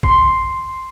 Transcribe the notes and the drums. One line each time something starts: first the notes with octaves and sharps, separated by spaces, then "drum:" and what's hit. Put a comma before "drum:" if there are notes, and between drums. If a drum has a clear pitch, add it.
C6, drum: kick G#1